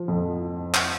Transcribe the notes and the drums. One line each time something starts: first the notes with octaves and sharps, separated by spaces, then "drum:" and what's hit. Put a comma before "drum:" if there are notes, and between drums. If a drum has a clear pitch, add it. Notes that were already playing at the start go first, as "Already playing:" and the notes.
Already playing: F3
F2
drum: clap